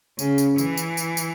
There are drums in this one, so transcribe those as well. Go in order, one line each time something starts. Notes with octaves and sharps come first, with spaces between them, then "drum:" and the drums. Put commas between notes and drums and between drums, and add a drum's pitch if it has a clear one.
C#3, drum: tambourine
drum: tambourine
E3, drum: tambourine
drum: tambourine
drum: tambourine
drum: tambourine